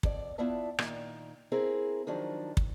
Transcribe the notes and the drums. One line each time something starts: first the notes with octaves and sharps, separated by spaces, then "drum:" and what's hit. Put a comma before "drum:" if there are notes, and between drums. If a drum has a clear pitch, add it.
F2 D5, drum: kick
B3 E4 F4 D5 E5 A5
A#2 D#3, drum: rim click
C4 E4 G#4 A#4
D#3 F3 F#3 D4
drum: kick